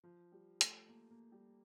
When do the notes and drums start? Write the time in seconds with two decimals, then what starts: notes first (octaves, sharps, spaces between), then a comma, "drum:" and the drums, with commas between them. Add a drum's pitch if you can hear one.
0.04 F3
0.32 G3
0.61 A3, drum: hi-hat
0.89 A#3
1.11 A#3
1.32 G3